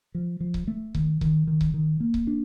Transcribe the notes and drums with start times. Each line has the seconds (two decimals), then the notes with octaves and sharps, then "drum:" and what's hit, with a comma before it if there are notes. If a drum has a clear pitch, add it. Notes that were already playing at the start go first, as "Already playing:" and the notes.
0.15 F3
0.40 F3
0.54 drum: kick C#1
0.67 A3
0.95 D#3, drum: kick C#1
1.21 D#3, drum: kick C#1
1.47 D#3
1.61 drum: kick C#1
1.74 D#3
2.00 A#3
2.14 drum: kick C#1
2.27 D4